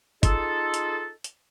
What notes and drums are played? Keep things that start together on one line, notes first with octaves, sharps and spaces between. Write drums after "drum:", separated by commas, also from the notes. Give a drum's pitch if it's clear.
D#4 F4 G#4 A4, drum: kick, hi-hat
drum: hi-hat
drum: hi-hat